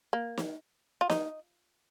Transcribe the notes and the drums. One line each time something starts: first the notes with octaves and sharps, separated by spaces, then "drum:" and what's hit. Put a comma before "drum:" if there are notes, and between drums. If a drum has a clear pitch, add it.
A#3
drum: snare
F4
D#4, drum: snare